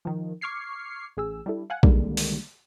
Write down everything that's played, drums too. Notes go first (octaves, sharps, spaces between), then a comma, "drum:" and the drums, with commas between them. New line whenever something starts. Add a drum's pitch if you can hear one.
D#3 F3
C#6 D6 F6 G#6 C7 C#7
A1 G#4 E6
G3 D4 E4 A4
F5 F#5 G#5
C2 D3 D#3 G3 G#3 A#3, drum: kick A#1
drum: open hi-hat